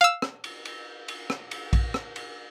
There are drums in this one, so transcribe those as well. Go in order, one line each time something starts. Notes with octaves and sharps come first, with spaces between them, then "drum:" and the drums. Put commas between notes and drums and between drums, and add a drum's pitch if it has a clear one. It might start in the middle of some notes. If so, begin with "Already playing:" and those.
F5 E6
drum: rim click
drum: cymbal
drum: cymbal
drum: cymbal
drum: rim click
drum: cymbal
drum: kick A#1, cymbal
drum: rim click
drum: cymbal